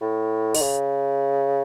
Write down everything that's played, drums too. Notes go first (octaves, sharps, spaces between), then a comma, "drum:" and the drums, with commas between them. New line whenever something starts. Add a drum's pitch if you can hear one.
A2
D#3, drum: open hi-hat
C#3